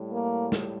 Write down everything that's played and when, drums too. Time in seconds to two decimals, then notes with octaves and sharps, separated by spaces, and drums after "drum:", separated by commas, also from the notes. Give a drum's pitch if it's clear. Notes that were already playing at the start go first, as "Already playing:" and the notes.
Already playing: A2 G3
0.11 A#3
0.52 drum: snare